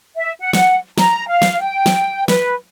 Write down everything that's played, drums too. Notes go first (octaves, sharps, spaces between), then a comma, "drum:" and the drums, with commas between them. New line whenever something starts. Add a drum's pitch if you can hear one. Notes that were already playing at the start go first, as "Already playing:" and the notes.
E5
F#5
drum: snare
A#5, drum: snare
F5
drum: snare
G5
drum: snare
B4, drum: snare